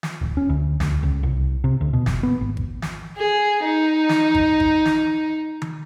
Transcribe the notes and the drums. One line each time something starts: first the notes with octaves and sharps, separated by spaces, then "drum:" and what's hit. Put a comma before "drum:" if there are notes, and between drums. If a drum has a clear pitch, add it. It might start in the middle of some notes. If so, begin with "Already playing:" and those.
drum: snare
D1
C#4
D2
D2, drum: snare
C#2
C2
C3
D2
B2
F#1, drum: snare
B3
G#1
drum: kick G#1
drum: snare
G#4
D#4
drum: snare
drum: kick G#1
drum: kick G#1
drum: snare
drum: tom D#3